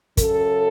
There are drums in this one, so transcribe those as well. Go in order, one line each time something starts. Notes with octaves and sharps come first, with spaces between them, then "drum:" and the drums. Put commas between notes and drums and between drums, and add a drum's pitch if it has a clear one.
F#2 C#3 F#3 A4, drum: kick, hi-hat